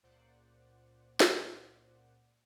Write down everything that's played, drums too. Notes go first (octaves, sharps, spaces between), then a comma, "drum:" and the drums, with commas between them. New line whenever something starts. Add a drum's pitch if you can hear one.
C#2 A#2 C5 D5 F#5
drum: snare